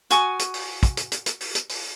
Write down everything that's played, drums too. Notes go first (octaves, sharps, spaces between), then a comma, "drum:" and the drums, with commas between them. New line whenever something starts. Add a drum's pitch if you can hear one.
F#4 G#5 C#6 D#6, drum: hi-hat
drum: hi-hat
drum: open hi-hat
drum: kick, hi-hat
drum: hi-hat
drum: hi-hat
drum: hi-hat
drum: open hi-hat
drum: hi-hat
drum: open hi-hat